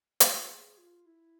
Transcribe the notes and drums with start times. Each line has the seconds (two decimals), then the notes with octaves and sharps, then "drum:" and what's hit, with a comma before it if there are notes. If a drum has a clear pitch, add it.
0.20 F4, drum: hi-hat
0.49 G#4
0.78 F4
1.06 E4